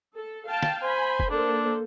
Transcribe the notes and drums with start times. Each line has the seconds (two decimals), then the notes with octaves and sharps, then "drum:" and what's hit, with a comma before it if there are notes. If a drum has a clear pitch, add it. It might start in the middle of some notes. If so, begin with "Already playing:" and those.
0.16 A4
0.48 F5 G5 A5
0.63 drum: snare
0.82 C5 G#5 B5
1.20 drum: kick F1
1.31 A#3 D4 A4 C5